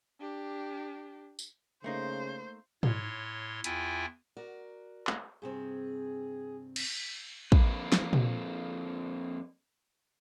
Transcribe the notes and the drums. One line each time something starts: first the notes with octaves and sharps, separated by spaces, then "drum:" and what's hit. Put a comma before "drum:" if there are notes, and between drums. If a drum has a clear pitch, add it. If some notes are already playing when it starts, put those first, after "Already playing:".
D4 G4
drum: tambourine
C#3 A3 A#3 D#4 C5
A2 C#5 C6, drum: tom G#2
E2 E4 F4 E5 G5 G#5, drum: hi-hat
F#4 A#4 D5
drum: clap
G2 C3 C4 G#4
B6, drum: cymbal
F2 C#3 A#3 D4 B4, drum: kick
drum: snare
drum: tom A#2